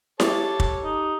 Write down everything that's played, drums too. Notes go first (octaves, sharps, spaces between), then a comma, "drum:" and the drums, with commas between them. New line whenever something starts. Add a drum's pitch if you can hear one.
G4 A4 C#5 A5, drum: snare E4
drum: kick
D#4